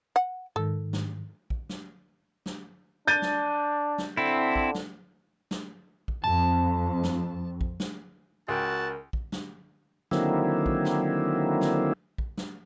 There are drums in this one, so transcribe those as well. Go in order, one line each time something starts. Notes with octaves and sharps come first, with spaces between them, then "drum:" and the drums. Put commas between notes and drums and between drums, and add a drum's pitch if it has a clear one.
F#5
G#2 D#3 A4
drum: snare
drum: kick
drum: snare
drum: snare
D4 G6 A6 D#7
drum: snare
drum: snare
D3 C4 E4
drum: kick
drum: snare
drum: snare
drum: kick
F2 A5
drum: snare
drum: kick
drum: snare
C#2 F#4 A#4 G5 A5
drum: kick
drum: snare
D3 D#3 F#3 A#3 C4 E4, drum: snare
drum: kick
drum: snare
drum: snare
drum: kick
drum: snare